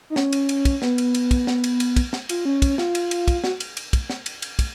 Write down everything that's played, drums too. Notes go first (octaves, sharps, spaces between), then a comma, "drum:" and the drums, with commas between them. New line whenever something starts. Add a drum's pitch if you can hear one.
D#4
C#4, drum: snare
drum: cymbal
drum: cymbal
drum: kick, cymbal
B3, drum: snare
drum: cymbal
drum: cymbal
drum: kick, cymbal
drum: snare
drum: cymbal
drum: cymbal
drum: kick, cymbal
drum: snare
F4, drum: cymbal
C#4
drum: kick, cymbal
F4, drum: snare
drum: cymbal
drum: cymbal
drum: kick, cymbal
F#4, drum: snare
drum: cymbal
drum: cymbal
drum: kick, cymbal
drum: snare
drum: cymbal
drum: cymbal
drum: kick, cymbal